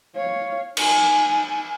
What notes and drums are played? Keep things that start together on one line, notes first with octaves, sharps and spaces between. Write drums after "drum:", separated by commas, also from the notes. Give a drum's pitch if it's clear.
C#5 F5
D#4 G#5, drum: cymbal